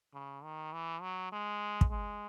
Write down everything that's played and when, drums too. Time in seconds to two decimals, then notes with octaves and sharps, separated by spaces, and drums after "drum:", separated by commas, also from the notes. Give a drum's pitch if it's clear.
0.14 C#3
0.44 D#3
0.73 E3
1.02 F#3
1.32 G#3
1.81 drum: kick
1.91 G#3